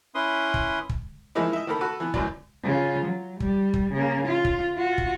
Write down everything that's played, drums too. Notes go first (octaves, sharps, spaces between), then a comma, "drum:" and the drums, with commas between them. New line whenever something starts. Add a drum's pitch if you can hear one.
C#4 E4 B4 C6 D#6
drum: kick
drum: kick
E3 F3 G#3 A#3 D#4 E4
D#5 E5
D#3 A#3 A4 A#4 B5
F#4 A4 B4
E3 B3
C#2 F#2 E3 F#3 D5, drum: kick
C#3 F4
F#3
G3, drum: kick
drum: kick
C#3 A#3
F4
drum: kick
F4 F#4
drum: kick